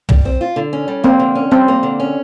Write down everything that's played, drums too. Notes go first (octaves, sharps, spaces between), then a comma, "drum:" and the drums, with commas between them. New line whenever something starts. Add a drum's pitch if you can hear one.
G3, drum: tom
C4
F4
D3
C#4
G3
A#3 C4
D3
C#4
G3 C4
A#3
D3
C#4